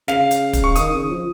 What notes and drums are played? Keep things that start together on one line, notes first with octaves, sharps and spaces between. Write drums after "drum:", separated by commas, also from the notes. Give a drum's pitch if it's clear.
C#3 F5, drum: snare
drum: hi-hat
drum: kick, hi-hat
C#6
D#3 D#6, drum: hi-hat
C#3
F3